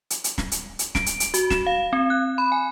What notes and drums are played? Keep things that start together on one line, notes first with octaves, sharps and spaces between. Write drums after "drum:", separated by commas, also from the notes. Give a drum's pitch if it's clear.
drum: hi-hat
drum: hi-hat
drum: snare
drum: hi-hat
drum: hi-hat
D7, drum: snare
drum: hi-hat
drum: hi-hat
F#4, drum: hi-hat
E7, drum: snare
F5
C4
F#6
B5
G#5